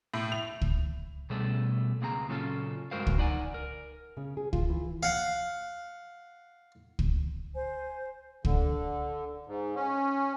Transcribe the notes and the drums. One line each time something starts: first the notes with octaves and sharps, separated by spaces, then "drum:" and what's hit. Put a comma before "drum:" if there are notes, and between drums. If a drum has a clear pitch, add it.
A2
F7
drum: kick
B2 G3 A3 C#4 G#4 A4
C#2 A#3 C4 G#4 F5 A#5
A#2 C#3 F#3 C#4 F4 A4
G2 G#3 F#4 A#4 C5 F5
drum: kick
D#4 D5 F#5 G#5
A#4
C#3
G#4
F4, drum: kick
E3
F5 F#5
drum: kick
C5 G#5
D3, drum: kick
G#2
C#4